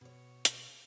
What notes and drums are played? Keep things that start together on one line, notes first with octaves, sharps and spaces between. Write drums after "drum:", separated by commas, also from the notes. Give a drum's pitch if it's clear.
B2 C#5
drum: hi-hat